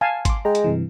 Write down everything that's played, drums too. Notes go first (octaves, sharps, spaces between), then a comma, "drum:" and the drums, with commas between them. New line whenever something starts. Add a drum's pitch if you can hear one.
F5 G#5 A5
C6 D6, drum: kick G#1, hi-hat
G#3 G5 A#5
drum: hi-hat
G2 C3 E3